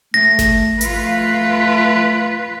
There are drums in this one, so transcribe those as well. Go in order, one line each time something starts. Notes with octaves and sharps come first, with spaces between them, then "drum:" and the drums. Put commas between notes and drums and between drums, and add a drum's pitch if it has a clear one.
A3 A#6
drum: snare G#1
A3 F4 B4, drum: hi-hat